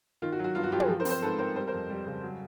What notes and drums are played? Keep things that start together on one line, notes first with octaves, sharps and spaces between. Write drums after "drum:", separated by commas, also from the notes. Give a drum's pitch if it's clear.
D#3 F4
F#4
F#3
F#4
G2 F4
F#4
F#3 F4 G4
F#4 G#4, drum: tom
F3
A#4 C5
C4, drum: open hi-hat
A#4 C5
G#2 A4 B4
C4 A#4 C5
G3 A#4 C5
A#4 C5
F2
G3
C#3
F#3